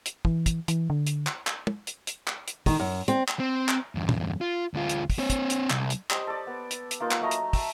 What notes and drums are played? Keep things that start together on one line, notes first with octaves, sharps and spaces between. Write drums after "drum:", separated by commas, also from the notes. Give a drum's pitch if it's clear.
drum: hi-hat
E3, drum: kick
drum: kick, hi-hat
E3, drum: hi-hat
D3
drum: hi-hat
drum: clap
drum: clap
drum: tom
drum: hi-hat
drum: hi-hat
drum: clap
drum: hi-hat
D#3, drum: kick, open hi-hat
F#2
C4, drum: hi-hat
drum: clap
C4
drum: clap
E2 G2
drum: tom
F4
D2 F4
drum: hi-hat
drum: kick, open hi-hat
C4 C#5
drum: kick, hi-hat
drum: hi-hat
C2, drum: clap
drum: hi-hat
G4 C5 D#5, drum: clap
A4 D5
B3
drum: hi-hat
drum: hi-hat
A#3 D#4 F4
drum: clap
F#3 A3 D#5 A#5
drum: hi-hat
E5 G5 A5, drum: kick, open hi-hat